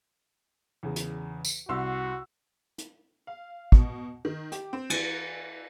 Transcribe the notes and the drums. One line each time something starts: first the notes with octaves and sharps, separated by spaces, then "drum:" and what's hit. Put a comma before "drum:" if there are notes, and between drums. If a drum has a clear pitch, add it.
E2 C#3
drum: hi-hat
drum: tambourine
C2 F#4 C6 E6
drum: hi-hat
F5
B2, drum: kick
D#3
G4, drum: hi-hat
C4
E3, drum: cymbal